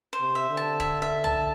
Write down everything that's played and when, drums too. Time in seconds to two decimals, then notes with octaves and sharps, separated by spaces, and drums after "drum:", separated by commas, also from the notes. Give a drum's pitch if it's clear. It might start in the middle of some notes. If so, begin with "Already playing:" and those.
0.13 C5
0.20 C3
0.35 E5
0.50 D3
0.57 A5
0.80 E5, drum: kick
1.02 E5
1.24 A5, drum: tom C2